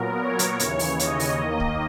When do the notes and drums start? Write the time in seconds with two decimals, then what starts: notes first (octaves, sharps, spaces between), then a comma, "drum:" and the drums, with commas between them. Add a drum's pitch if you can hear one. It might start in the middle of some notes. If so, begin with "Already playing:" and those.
Already playing: A#2 F#3 B3 A#4
0.19 C#5
0.39 drum: hi-hat
0.60 D#2 C#3 E3, drum: hi-hat
0.79 drum: open hi-hat
0.99 D#5, drum: hi-hat
1.20 drum: open hi-hat
1.40 D#2 D#3 A#3
1.60 drum: kick